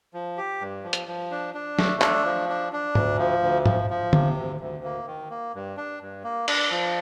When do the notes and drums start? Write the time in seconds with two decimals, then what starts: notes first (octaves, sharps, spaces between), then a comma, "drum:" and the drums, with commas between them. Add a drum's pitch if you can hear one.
0.14 F3
0.37 G4
0.61 G2
0.84 F3
0.93 drum: hi-hat
1.07 F3
1.31 D4
1.54 D4
1.79 A3, drum: snare
2.01 D4, drum: clap
2.25 F3
2.49 D4
2.73 D4
2.95 D2, drum: tom G#2
3.19 F3
3.42 D2
3.66 F3, drum: tom G#2
3.90 F3
4.13 C3, drum: tom D3
4.37 D2
4.61 D2
4.84 A#3
5.07 D#3
5.30 A#3
5.54 G2
5.77 D4
6.01 G2
6.24 A#3
6.48 D4, drum: cymbal
6.71 F3